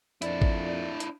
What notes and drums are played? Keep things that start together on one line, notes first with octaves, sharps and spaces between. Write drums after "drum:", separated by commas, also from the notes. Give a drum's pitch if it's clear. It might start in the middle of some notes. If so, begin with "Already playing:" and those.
F2 A#2 D4 E4 D5, drum: hi-hat
drum: kick
drum: hi-hat